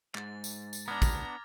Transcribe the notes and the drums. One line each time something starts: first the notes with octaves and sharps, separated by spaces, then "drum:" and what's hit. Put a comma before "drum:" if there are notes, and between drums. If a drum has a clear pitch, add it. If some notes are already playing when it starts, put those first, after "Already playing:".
G#2 A6, drum: clap
drum: tambourine
drum: tambourine
B3 D4 A#5 D6 F6 G#6
drum: kick, tambourine